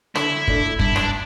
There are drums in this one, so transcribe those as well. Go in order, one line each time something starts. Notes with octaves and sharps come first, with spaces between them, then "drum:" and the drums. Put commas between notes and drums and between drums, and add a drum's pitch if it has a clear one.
D3 E4, drum: rim click
A3 D4, drum: kick
G2 E4, drum: kick
D4, drum: rim click